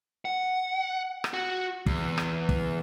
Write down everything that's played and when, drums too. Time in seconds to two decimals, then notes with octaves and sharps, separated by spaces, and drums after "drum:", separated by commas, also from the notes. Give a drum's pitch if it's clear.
0.25 F#5
1.24 drum: rim click
1.34 F#4 F#5
1.86 E2, drum: kick
2.18 drum: rim click
2.49 drum: kick